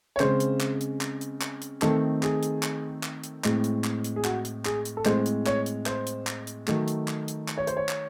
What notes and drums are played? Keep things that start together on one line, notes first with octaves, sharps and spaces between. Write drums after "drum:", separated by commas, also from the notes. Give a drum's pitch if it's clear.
C#5
C#3 G#3 C4 C5, drum: clap
drum: hi-hat
drum: clap
drum: hi-hat
drum: clap
drum: hi-hat
drum: clap
drum: hi-hat
D#3 A3 C4 A4, drum: clap
G#4, drum: clap
drum: hi-hat
drum: clap
drum: clap
drum: hi-hat
A2 G#3 C4, drum: clap
drum: hi-hat
drum: clap
drum: hi-hat
G#4
F#4, drum: clap
drum: hi-hat
G#4, drum: clap
drum: hi-hat
A4
A2 G#3 C4 C5, drum: clap
drum: hi-hat
C#5, drum: clap
drum: hi-hat
C5, drum: clap
drum: hi-hat
drum: clap
drum: hi-hat
D#3 F#3 A3, drum: clap
drum: hi-hat
drum: clap
drum: hi-hat
drum: clap
C#5
C5, drum: hi-hat
C#5
drum: clap